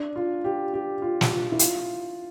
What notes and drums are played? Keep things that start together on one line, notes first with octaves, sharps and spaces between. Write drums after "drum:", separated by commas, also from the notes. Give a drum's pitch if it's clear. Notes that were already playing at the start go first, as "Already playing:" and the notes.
Already playing: D4
F4
G4
G4
F4
drum: snare
F4
E4
F4, drum: hi-hat